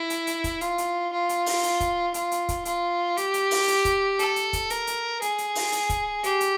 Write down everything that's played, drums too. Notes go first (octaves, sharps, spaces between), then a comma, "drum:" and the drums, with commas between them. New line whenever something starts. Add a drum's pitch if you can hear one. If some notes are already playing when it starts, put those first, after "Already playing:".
Already playing: E4
drum: hi-hat
drum: hi-hat
drum: kick, hi-hat
F4, drum: hi-hat
drum: hi-hat
F4
drum: hi-hat
drum: open hi-hat
drum: hi-hat
drum: kick, hi-hat
F4, drum: hi-hat
drum: hi-hat
drum: kick, hi-hat
F4, drum: hi-hat
G4, drum: hi-hat
drum: hi-hat
drum: open hi-hat
drum: hi-hat
drum: kick, hi-hat
A4, drum: hi-hat
drum: hi-hat
drum: kick, hi-hat
A#4, drum: hi-hat
drum: hi-hat
G#4, drum: hi-hat
drum: hi-hat
drum: open hi-hat
drum: hi-hat
drum: kick, hi-hat
G4, drum: hi-hat
drum: hi-hat